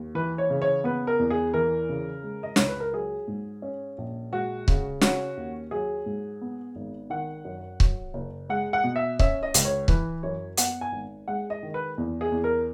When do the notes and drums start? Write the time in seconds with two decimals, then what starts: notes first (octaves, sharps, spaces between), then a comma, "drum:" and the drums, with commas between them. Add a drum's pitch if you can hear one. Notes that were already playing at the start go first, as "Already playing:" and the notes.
Already playing: D#2
0.15 E3 B4
0.38 C#5
0.50 C#3
0.62 C#5
0.84 B3 B4
1.07 A#4
1.19 E2
1.30 G#4
1.54 E3 A#4
1.89 C#3
2.23 G#3
2.43 D#5
2.56 C#2 C#5, drum: snare
2.68 B4
2.80 A#4
2.93 F#3 G#4
3.28 G#2
3.62 C#4
3.98 A#1
4.32 G#3 F#4
4.68 C#3, drum: kick C#1
5.01 C#4 F#4, drum: snare
5.37 D#2
5.71 F#3 G#4
6.06 G#2
6.41 B3
6.76 G#1
7.10 D#3 F#5
7.45 F#2
7.80 F#3, drum: kick C#1
8.14 F#1
8.49 G#3 F#5
8.73 F#5
8.84 B2
8.96 E5
9.19 C#4 E5, drum: kick C#1
9.43 D#5
9.54 C#2, drum: hi-hat
9.65 C#5
9.88 E3 B4, drum: kick C#1
10.23 F#2 C#5
10.57 B3 F#5, drum: hi-hat
10.81 G#5
10.92 G#1
11.28 G#3 F#5
11.50 D#5
11.63 D#3
11.74 B4
11.98 E2
12.21 G#4
12.32 E2
12.44 A#4